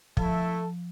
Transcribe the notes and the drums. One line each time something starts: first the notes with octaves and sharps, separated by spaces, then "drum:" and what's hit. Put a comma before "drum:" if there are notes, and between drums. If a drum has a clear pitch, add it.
F3 A3 E4 A4, drum: kick